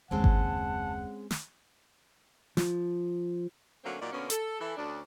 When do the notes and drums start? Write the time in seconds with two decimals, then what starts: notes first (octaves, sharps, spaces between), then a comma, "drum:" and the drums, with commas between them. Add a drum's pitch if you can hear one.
0.11 F#1 D#2 G#3 C4 C#4 F#5 A5
0.24 drum: kick G#1
1.31 drum: snare
2.57 F3, drum: snare
3.84 D3 F#3 A3 A#3 C4 C#4
4.01 A#2 F#3 A#3 D#4 D5
4.13 B2 D3 A#3 B3 C#4
4.30 A4, drum: hi-hat
4.60 E3 E4 A4
4.76 D2 C#4 D4